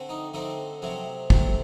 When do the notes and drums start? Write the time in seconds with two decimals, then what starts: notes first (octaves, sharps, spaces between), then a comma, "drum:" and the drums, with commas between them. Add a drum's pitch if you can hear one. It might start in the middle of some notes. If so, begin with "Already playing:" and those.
Already playing: D3 A3 C4
0.09 D#4
0.33 D3 A3 C4 D#4
0.82 C3 F#3 A3 C4
1.30 C3 F#3 A3 C4, drum: kick